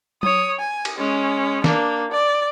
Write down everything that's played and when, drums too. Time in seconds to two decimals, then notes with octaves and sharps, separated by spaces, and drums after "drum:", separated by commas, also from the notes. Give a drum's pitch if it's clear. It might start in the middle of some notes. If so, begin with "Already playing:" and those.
0.23 C#5 D#6, drum: tom F#3
0.60 G#5
0.85 drum: cymbal
0.98 G#3 C#4
1.64 A#3 D4, drum: snare
2.12 D5